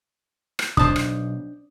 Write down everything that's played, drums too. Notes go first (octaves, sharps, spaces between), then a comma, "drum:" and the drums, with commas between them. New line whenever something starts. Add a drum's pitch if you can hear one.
drum: rim click
B1 D4 C5 A5 D#6, drum: kick
drum: rim click